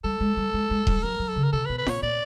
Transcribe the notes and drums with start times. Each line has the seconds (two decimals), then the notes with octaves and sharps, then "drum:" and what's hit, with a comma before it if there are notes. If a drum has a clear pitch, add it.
0.04 G3 A4
0.21 G#3
0.37 G3
0.54 G#3
0.71 G#3
0.87 G3, drum: kick D#1
1.03 F#3 A#4
1.20 F#3
1.28 A4
1.36 C#3
1.43 A#4
1.52 C3 A4
1.65 B4
1.69 B2
1.78 B4
1.86 A#2 C#5, drum: snare
2.03 A#2 D5